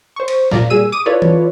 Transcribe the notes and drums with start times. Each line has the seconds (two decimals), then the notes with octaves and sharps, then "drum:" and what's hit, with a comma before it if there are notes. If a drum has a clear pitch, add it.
0.16 C5 C#6
0.28 drum: cymbal
0.51 A#2 D5 F5 A#5, drum: snare
0.70 A#2 G3 G#4 E6 D#7
0.92 D6 D#6 D#7
1.06 E4 F4 A4 B4 C#5 D5
1.22 drum: tom E3